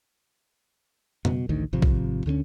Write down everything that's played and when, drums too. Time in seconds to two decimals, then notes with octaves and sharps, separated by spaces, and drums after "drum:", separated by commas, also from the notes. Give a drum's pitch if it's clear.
1.25 B2, drum: tom F2
1.49 A1 D2 D#3
1.73 G#1 C3 F3
1.82 drum: kick
2.26 D2 D3 F#3 C#4